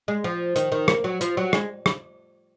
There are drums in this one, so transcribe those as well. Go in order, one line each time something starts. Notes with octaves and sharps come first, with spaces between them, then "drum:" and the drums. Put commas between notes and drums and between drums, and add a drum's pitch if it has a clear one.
G#3
F3
D#3, drum: hi-hat
D#3
A#3, drum: rim click
F#3
F3, drum: hi-hat
F#3
G#3, drum: rim click
drum: rim click